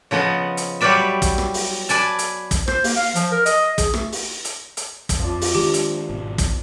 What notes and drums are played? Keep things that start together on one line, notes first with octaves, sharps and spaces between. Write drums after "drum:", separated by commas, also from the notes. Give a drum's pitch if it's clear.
C#3 F3 B3 D#5 F#5
drum: hi-hat
F#3 G3 G4 B4 D5 E5
drum: kick, hi-hat
drum: rim click
drum: open hi-hat
B4 D5 G#5 A5, drum: hi-hat
drum: hi-hat
drum: kick, hi-hat
C5, drum: rim click
A#3, drum: open hi-hat
F5
F3, drum: hi-hat
A#4
D#5, drum: hi-hat
G#4, drum: kick, hi-hat
A3, drum: rim click
drum: open hi-hat
drum: hi-hat
drum: hi-hat
drum: kick, hi-hat
F2 F3 D5
drum: open hi-hat
D#3 G#3 D4 G4
drum: hi-hat
G#1 B2
drum: kick, hi-hat